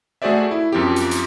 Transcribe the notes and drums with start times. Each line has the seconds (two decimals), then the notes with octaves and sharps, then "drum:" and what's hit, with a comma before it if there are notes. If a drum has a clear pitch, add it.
0.22 A3 F#4 G#4 C5 D5 E5
0.51 E4
0.72 F#2 F3 C4 G4
0.96 drum: hi-hat
1.11 drum: hi-hat